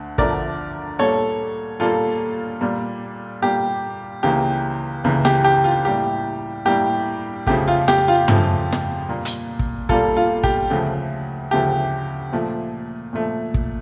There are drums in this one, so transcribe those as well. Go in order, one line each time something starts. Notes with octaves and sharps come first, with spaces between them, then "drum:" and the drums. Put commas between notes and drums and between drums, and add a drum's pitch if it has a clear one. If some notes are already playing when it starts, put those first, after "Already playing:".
Already playing: D2 D3
D2 D3 F3 A3 A#4 D5, drum: kick
A#2 G3 A#3 A4 C#5
A#2 G3 A#3 F4 A4
A#2 G3 A#3
A#2 G3 A#3 G4
C#2 C#3 E3 A#3 G4
C#2 C#3 E3 A#3
G4, drum: snare
G4
F4
A2 G3 A#3 G4
A2 G3 A#3 G4
F2 C#3 F3 A3 G4, drum: kick
F4
G4, drum: snare
F4
F2 C#3 F3 A3, drum: tom
drum: snare
A#2 G3 A#3
drum: hi-hat
drum: kick
A#2 G3 A#3 F4 A4, drum: kick
F4
G4, drum: kick
D2 C#3 F3 A3
D2 C#3 F3 A3 G4
A#2 F3 A3
A#2 F3 A3
drum: kick